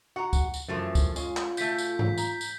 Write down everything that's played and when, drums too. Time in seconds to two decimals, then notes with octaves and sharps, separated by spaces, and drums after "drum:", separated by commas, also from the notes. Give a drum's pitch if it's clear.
0.16 F#4 F#5 A#5
0.33 drum: kick, tambourine
0.54 drum: tambourine
0.69 F#2 E3 F3 A3
0.95 drum: kick, tambourine
1.16 G#3 C#4 F4, drum: tambourine
1.37 drum: clap
1.57 B2 A3 G6 B6, drum: tambourine
1.78 drum: tambourine
1.99 drum: tom G#2
2.18 A#5, drum: tambourine
2.41 drum: tambourine